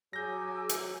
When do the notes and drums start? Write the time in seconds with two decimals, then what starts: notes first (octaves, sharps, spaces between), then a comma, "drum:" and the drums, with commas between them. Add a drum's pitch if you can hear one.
0.13 F#3 G#4 G#5 D6 E6 G6 A#6
0.69 drum: hi-hat